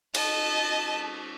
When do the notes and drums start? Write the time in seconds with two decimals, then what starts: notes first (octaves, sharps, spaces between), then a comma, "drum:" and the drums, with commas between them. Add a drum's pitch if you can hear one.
0.14 D#5 A5, drum: cymbal